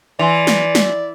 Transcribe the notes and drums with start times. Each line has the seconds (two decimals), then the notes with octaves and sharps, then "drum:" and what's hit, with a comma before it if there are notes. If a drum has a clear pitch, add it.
0.19 E3 D5 G#5 C6 F7
0.47 drum: snare
0.75 drum: snare